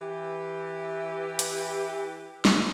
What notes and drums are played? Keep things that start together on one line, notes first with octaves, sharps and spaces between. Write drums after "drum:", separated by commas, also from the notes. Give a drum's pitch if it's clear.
E3 G4
drum: hi-hat
drum: snare